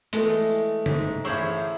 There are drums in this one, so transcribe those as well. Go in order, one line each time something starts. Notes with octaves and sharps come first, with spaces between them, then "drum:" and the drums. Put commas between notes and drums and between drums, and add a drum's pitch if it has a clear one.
E3 G#3 A3, drum: hi-hat
G#2, drum: tom
A1 E4 G#4 C5 C#5